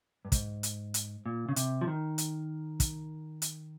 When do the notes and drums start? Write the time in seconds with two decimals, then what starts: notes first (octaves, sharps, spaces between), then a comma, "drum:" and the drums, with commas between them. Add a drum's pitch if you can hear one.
0.25 G2
0.32 G#2, drum: kick, hi-hat
0.63 drum: hi-hat
0.94 drum: hi-hat
1.26 A#2
1.49 C#3
1.56 C3, drum: hi-hat
1.81 F3
1.87 D#3
2.18 drum: hi-hat
2.80 drum: kick, hi-hat
3.42 drum: hi-hat